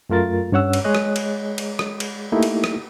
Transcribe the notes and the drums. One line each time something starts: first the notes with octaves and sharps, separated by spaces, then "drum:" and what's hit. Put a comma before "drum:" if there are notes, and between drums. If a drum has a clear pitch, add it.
F#2 A3 F4 A#4 A6
G2 C#4 C#5 F#5 E6
drum: cymbal
G#3 G#4 C#5 D#5 F#6
drum: rim click
drum: cymbal
drum: cymbal
drum: rim click
drum: cymbal
A3 A#3 D#4 E4 G4
drum: cymbal
drum: rim click